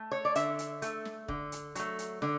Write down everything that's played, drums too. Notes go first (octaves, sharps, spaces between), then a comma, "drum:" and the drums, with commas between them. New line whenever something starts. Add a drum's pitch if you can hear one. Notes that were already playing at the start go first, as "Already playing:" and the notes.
Already playing: A3
C#5
D5
D3 E5, drum: hi-hat
drum: hi-hat
A3, drum: hi-hat
drum: snare
D3, drum: kick E1
drum: hi-hat
F#3 A3, drum: hi-hat
drum: hi-hat
D3, drum: snare